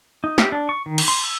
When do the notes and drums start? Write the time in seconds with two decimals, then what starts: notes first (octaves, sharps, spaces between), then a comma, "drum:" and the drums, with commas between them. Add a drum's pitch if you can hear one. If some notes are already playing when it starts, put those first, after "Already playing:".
0.24 D#4
0.38 G4, drum: snare
0.52 D4
0.69 C#6
0.86 D#3
0.98 drum: cymbal
1.08 C6
1.23 E6